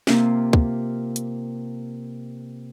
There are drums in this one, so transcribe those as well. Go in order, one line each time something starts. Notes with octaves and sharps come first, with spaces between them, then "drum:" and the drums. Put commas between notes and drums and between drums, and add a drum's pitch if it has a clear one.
C3 A#3 F4, drum: snare
drum: kick
drum: hi-hat